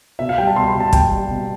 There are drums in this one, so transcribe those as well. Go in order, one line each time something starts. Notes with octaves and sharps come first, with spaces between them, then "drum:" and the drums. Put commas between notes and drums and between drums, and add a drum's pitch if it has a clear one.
B2 E5
F5
G3 G5
A5
B2 C6
B5
B2
A5
B2 G5, drum: kick, hi-hat
G3
B2